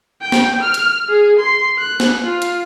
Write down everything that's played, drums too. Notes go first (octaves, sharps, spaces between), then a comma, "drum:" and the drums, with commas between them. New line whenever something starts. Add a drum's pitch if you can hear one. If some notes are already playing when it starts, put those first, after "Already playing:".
G5
drum: snare
F6
drum: hi-hat
G#4
C6
F#6
drum: snare
F4
drum: hi-hat